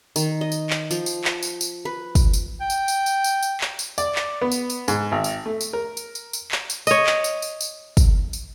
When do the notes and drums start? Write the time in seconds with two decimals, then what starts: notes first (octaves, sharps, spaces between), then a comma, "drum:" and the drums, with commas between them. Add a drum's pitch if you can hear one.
0.16 D#3, drum: tambourine
0.41 D#5
0.52 drum: tambourine
0.70 drum: clap
0.91 F3, drum: tambourine
1.06 drum: tambourine
1.24 drum: clap
1.43 drum: tambourine
1.61 drum: tambourine
1.85 B4
2.15 drum: kick, tambourine
2.33 drum: tambourine
2.61 G5
2.70 drum: tambourine
2.88 drum: tambourine
3.06 drum: tambourine
3.24 drum: tambourine
3.43 drum: tambourine
3.61 drum: clap
3.79 drum: tambourine
3.98 D5, drum: tambourine
4.15 drum: clap
4.42 B3
4.52 drum: tambourine
4.70 drum: tambourine
4.88 G#2, drum: tambourine
5.12 G#1
5.24 drum: tambourine
5.46 A3
5.61 drum: tambourine
5.73 A#4
5.97 drum: tambourine
6.15 drum: tambourine
6.33 drum: tambourine
6.52 drum: clap
6.70 drum: tambourine
6.87 C#5 D#5, drum: tambourine
7.06 drum: clap
7.24 drum: tambourine
7.42 drum: tambourine
7.61 drum: tambourine
7.97 drum: kick, tambourine
8.33 drum: tambourine